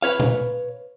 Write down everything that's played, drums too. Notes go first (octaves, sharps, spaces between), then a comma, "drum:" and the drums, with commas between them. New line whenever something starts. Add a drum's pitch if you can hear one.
B4 C#5 F5
drum: tom A#2